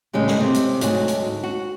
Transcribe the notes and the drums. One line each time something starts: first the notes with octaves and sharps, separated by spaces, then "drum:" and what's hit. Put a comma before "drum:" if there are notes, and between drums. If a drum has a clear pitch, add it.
A2 C#3 G3 G#3
drum: snare
C3
drum: hi-hat
D2 G#2 F#3 F#4, drum: hi-hat
drum: hi-hat
F#4